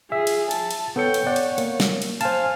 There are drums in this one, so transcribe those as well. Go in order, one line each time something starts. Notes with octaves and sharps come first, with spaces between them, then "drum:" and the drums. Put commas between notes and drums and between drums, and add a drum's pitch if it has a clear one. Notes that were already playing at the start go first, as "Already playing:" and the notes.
F4 G#4 E5
drum: cymbal
A5, drum: cymbal
drum: cymbal
B3 A4 C#5 G5 C#7
drum: cymbal
C#5 D5 F#5
drum: cymbal
A#3, drum: cymbal
drum: snare
drum: cymbal
C5 F5 G#5 A5, drum: cymbal